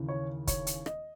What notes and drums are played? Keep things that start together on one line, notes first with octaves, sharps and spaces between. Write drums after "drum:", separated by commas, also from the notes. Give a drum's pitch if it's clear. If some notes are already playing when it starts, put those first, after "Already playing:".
Already playing: D#2 C#3 E3
C#5
C#5, drum: kick, hi-hat
drum: hi-hat
D#5, drum: rim click